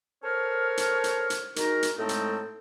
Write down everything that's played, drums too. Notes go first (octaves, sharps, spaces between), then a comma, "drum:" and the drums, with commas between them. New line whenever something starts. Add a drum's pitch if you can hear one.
A4 A#4 C5 C#5 F6
drum: hi-hat
drum: hi-hat
drum: hi-hat
G#3 D#4 F#4 A#4, drum: hi-hat
drum: hi-hat
A2 G#3 A3 C4 D#4 A4
drum: hi-hat